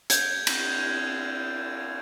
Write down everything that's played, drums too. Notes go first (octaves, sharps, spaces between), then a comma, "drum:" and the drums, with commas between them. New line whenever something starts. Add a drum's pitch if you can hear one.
G6 G#6, drum: hi-hat
drum: cymbal